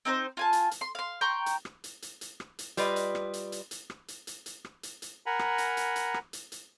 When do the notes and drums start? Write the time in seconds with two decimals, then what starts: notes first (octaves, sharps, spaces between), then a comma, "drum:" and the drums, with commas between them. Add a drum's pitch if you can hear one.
0.05 C4 D#4 A#4 C5
0.37 F4 G#5 A5
0.53 drum: hi-hat
0.71 drum: hi-hat
0.81 C6
0.95 F5 C6
1.21 G5 A#5 C6 C#6
1.46 drum: hi-hat
1.65 drum: rim click
1.84 drum: hi-hat
2.02 drum: hi-hat
2.21 drum: hi-hat
2.40 drum: rim click
2.59 drum: hi-hat
2.77 G3 F4 B4 D5 D#5, drum: hi-hat
2.96 drum: hi-hat
3.15 drum: rim click
3.33 drum: hi-hat
3.52 drum: hi-hat
3.71 drum: hi-hat
3.90 drum: rim click
4.08 drum: hi-hat
4.27 drum: hi-hat
4.46 drum: hi-hat
4.65 drum: rim click
4.83 drum: hi-hat
5.02 drum: hi-hat
5.26 A#4 F#5 G#5 A#5 B5
5.39 drum: rim click
5.58 drum: hi-hat
5.77 drum: hi-hat
5.96 drum: hi-hat
6.14 drum: rim click
6.33 drum: hi-hat
6.52 drum: hi-hat